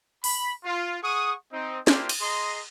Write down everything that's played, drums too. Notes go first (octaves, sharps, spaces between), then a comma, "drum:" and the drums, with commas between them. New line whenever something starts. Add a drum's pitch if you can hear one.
B5, drum: open hi-hat
F4
G#4 F#5 C#6 D#6
C4 D#4
A#3 D4 E4 F4 G4 C5, drum: snare
drum: cymbal
G#4 D#5 A#5 C6